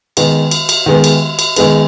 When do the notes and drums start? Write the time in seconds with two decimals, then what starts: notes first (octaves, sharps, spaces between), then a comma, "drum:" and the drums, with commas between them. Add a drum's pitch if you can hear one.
0.17 D#3 G#3 B3, drum: cymbal
0.51 drum: cymbal
0.69 drum: cymbal
0.86 D#3 G#3 B3
1.04 drum: cymbal
1.39 drum: cymbal
1.56 D#3 G#3 B3, drum: cymbal